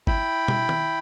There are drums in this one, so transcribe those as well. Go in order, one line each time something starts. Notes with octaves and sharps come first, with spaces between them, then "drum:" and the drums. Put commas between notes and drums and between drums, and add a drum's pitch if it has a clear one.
E4 G5 B5, drum: kick G1
drum: tom
drum: tom D#3